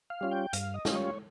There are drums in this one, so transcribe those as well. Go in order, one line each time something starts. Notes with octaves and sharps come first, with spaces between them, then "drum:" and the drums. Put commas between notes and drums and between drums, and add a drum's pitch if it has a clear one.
F5
G3 C#4 F4
G5
G2 F5, drum: hi-hat
D#5
G3 C#4 F4, drum: snare
C#5